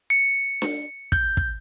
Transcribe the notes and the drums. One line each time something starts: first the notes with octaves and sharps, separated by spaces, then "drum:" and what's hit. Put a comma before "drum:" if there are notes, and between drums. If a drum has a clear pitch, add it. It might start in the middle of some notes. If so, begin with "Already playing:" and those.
C#7
drum: snare D4
G6, drum: kick
drum: kick